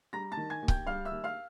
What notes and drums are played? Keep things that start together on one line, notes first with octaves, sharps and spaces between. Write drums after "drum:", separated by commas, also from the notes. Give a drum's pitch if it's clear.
G3 A#5 A#6
A5 A6
D#3
G#5 G#6
D#2
G5 G6, drum: kick C#1
G3 F5 F6
E5 E6
D#2
F5 F6